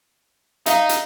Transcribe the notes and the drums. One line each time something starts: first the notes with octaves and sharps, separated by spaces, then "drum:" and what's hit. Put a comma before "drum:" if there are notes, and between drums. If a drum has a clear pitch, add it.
D#4 E5 F5, drum: hi-hat
drum: hi-hat